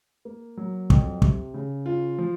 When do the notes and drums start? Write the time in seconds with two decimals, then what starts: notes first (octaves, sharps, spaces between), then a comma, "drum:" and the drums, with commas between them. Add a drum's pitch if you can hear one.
0.25 A#3
0.57 F#3
0.90 F2, drum: kick
1.22 C3, drum: kick
1.54 C#3
1.86 F4
2.18 F3